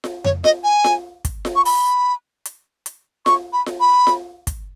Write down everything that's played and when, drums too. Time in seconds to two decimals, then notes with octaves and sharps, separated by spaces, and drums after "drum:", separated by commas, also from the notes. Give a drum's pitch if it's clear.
0.04 drum: snare F4
0.24 C#5, drum: tom F2
0.44 D#5, drum: snare F4
0.64 G#5
0.84 drum: snare F4
1.25 drum: kick, hi-hat
1.45 drum: snare F4
1.56 C#6
1.65 B5, drum: open hi-hat
2.45 drum: hi-hat
2.86 drum: hi-hat
3.26 C#6, drum: snare F4
3.53 B5
3.66 drum: snare F4
3.80 B5
4.07 drum: snare F4
4.47 drum: kick, hi-hat